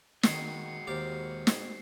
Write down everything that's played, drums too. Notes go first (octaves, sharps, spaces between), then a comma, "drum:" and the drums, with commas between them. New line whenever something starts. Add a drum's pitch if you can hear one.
D#3 G#3 F#4 C7 C#7, drum: snare
D#2 G4 A#4 C5 D6
drum: snare